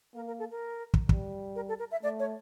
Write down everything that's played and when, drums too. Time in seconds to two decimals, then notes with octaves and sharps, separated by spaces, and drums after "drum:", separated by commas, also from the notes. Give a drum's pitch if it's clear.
0.15 A#3 A#4
0.27 A#4
0.39 A4
0.51 A#4
0.94 drum: kick
1.09 G3, drum: kick
1.56 A#4
1.69 A4
1.79 A#4
1.91 E5
2.03 A3 D5
2.19 C#5